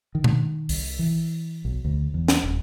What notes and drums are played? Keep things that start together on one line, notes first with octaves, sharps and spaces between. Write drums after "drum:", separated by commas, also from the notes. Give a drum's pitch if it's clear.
D#3
drum: tom
C2, drum: open hi-hat
E3
B1
D2
E2
drum: snare
D#1